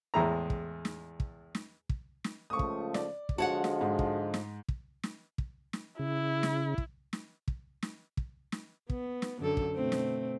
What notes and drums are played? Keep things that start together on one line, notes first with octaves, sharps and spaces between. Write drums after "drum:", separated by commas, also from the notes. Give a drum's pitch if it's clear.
E2 A2 G#3 E5 A#5
drum: kick
drum: snare
drum: kick
drum: snare
drum: kick
drum: snare
C#2 F3 A3 C#6 D#6
drum: kick
D5, drum: snare
drum: kick
D3 F3 G#3 F#4 C#5 F#5 A5
drum: snare
G#2
drum: kick
drum: snare
drum: kick
drum: snare
drum: kick
drum: snare
C#3 E4
drum: snare
drum: kick
drum: snare
drum: kick
drum: snare
drum: kick
drum: snare
B3, drum: kick
drum: snare
F#2 D3 A4
drum: kick
B2 A3 C4
drum: snare